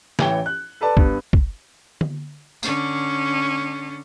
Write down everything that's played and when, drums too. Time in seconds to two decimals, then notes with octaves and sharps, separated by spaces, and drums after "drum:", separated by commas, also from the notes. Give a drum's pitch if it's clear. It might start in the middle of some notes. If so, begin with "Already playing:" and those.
0.19 A1 E3 C#5 G5 G7, drum: snare
0.46 F#6
0.81 A4 B4 D5 A5
0.97 G2 B3, drum: kick
1.33 drum: kick
2.01 drum: tom D3
2.63 D3 C#4, drum: tambourine